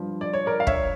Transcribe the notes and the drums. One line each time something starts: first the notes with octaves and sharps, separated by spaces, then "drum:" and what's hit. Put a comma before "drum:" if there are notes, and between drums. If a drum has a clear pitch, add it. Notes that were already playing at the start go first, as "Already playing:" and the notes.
Already playing: G2 F3
D5
C#5
A#4 D5
F5
C#5 E5, drum: kick